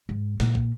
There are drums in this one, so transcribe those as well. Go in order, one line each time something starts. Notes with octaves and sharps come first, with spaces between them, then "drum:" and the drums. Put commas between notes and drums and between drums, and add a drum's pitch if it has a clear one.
G#2
A#2, drum: snare
drum: kick